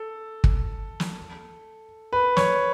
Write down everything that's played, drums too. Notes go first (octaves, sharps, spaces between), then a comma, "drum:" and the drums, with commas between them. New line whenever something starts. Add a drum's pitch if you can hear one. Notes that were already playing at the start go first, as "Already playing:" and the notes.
Already playing: A4
drum: kick
drum: snare
B4
C#5, drum: snare